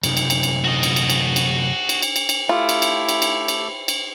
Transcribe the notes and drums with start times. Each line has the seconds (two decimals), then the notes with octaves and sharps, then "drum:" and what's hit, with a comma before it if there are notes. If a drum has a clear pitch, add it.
0.03 F#2 C3 D#4, drum: cymbal
0.17 drum: cymbal
0.30 drum: cymbal
0.43 drum: cymbal
0.65 F#4 D#5
0.83 drum: cymbal
0.96 drum: cymbal
1.10 drum: cymbal
1.36 drum: cymbal
1.89 drum: cymbal
2.02 drum: cymbal
2.16 drum: cymbal
2.29 drum: cymbal
2.49 A3 E4 F4 G4 A4
2.69 drum: cymbal
2.82 drum: cymbal
3.09 drum: cymbal
3.22 drum: cymbal
3.48 drum: cymbal
3.88 drum: cymbal